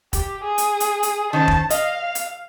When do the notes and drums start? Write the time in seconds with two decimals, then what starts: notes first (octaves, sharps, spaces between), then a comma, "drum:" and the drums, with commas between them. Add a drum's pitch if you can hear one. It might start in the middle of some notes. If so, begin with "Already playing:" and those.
0.13 G4, drum: kick, hi-hat
0.44 G#4
0.58 drum: hi-hat
0.80 drum: hi-hat
1.03 drum: hi-hat
1.33 D#3 C#4 C5 A5
1.48 drum: kick
1.70 D#5 F5, drum: hi-hat
2.15 drum: hi-hat